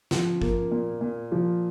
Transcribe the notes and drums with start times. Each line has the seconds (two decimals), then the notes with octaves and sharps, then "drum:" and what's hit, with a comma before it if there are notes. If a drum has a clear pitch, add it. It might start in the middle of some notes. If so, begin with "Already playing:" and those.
0.11 F3, drum: snare
0.42 A#3, drum: kick G#1
0.71 A#2
1.01 A#2
1.32 F3